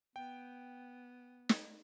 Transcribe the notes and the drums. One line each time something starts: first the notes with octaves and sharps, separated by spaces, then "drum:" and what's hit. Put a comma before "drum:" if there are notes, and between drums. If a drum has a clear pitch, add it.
B3 G5
drum: snare